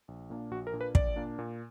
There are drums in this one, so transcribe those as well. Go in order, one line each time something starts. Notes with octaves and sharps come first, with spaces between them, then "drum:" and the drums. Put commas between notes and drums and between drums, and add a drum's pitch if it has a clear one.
A#1
A#2 A#3 D4
A#1 F#4
A#4
A#2 A#3 D4
B4
A#1 D5, drum: kick
A#2 A#3 D4
A#2